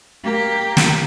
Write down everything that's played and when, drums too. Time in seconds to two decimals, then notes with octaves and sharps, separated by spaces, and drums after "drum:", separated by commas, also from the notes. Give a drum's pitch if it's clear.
0.23 A#3 G4
0.77 drum: snare